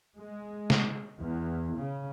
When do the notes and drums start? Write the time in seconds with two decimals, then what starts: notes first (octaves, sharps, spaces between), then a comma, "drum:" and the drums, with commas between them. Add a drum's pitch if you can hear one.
0.17 G#3
0.70 drum: snare
1.20 E2
1.78 C#3